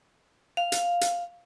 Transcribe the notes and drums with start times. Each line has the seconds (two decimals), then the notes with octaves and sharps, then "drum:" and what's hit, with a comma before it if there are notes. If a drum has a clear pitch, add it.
0.57 F5
0.72 drum: hi-hat
1.01 drum: hi-hat